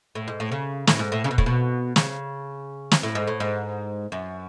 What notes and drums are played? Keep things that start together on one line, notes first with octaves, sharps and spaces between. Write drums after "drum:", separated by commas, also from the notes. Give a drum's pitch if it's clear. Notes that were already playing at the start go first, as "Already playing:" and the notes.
A2
G#2
A2
C#3
A2, drum: snare
G#2
A2
C#3
B2
A2, drum: kick
B2
C#3, drum: snare
drum: snare
A2
G#2
A2
G#2
F#2